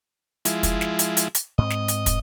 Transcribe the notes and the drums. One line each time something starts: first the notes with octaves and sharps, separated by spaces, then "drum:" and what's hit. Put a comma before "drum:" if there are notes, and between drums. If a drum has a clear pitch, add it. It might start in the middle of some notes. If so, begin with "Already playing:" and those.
F3 G#3 E4, drum: hi-hat
drum: kick, hi-hat
drum: snare
drum: hi-hat
drum: hi-hat
drum: hi-hat
G#2 C4 D#5
drum: snare
drum: hi-hat
drum: kick, hi-hat